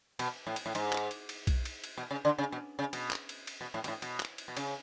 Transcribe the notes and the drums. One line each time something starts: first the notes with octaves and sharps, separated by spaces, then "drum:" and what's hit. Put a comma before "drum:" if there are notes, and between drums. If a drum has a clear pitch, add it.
B2, drum: cymbal
A2
drum: cymbal
A2
G#2, drum: cymbal
drum: clap
drum: cymbal
drum: cymbal
drum: kick B1, cymbal
drum: cymbal
drum: cymbal
B2
C#3
D3
C#3
B2
C#3
B2, drum: cymbal
drum: clap
drum: cymbal
drum: cymbal
B2
A2
B2, drum: cymbal
A2
B2, drum: cymbal
drum: clap
drum: cymbal
B2
C#3, drum: cymbal